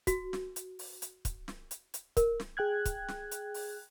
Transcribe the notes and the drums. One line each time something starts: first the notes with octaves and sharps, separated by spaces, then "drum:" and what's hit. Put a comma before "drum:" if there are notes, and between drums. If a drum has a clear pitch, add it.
F#4, drum: kick, hi-hat
drum: snare
drum: hi-hat
drum: open hi-hat
drum: hi-hat
drum: kick, hi-hat
drum: snare
drum: hi-hat
drum: hi-hat
A#4, drum: kick, hi-hat
drum: snare
G#4 G5 F#6 G#6
drum: kick, hi-hat
drum: snare
drum: hi-hat
drum: open hi-hat